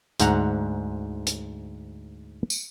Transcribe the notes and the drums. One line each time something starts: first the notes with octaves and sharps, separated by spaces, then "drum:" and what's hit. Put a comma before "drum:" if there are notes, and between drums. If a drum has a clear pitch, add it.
D2 G#2 F#5 A#5, drum: hi-hat
drum: hi-hat
drum: tambourine